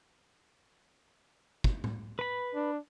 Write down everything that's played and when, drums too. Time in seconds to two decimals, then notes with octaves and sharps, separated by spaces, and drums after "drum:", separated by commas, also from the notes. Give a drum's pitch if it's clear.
1.64 drum: kick
1.84 drum: tom A2
2.19 B4 B5
2.55 D4